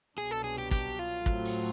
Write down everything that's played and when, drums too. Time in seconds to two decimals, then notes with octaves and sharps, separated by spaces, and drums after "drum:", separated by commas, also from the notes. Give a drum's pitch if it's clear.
0.17 C2 B2 F#3 B3 D4 G#4
0.31 A4
0.44 G#4
0.58 G4
0.71 G4, drum: kick, hi-hat
0.99 F4
1.26 A2 F#3 A3 C4, drum: kick
1.45 drum: open hi-hat